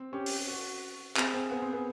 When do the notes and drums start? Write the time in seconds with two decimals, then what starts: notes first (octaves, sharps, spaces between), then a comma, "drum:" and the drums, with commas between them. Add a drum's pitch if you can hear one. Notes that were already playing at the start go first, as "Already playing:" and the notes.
Already playing: C4
0.13 C#4 G4
0.26 drum: open hi-hat
0.47 F#4
1.17 C4 G#4, drum: clap
1.34 C4
1.51 B3
1.62 C4
1.73 B3